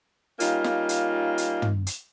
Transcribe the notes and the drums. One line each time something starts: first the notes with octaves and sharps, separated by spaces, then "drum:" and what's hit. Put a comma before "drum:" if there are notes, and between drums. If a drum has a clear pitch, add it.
G3 A#3 C#4 D#4 F4, drum: hi-hat
drum: snare
drum: hi-hat
drum: hi-hat
drum: tom
drum: hi-hat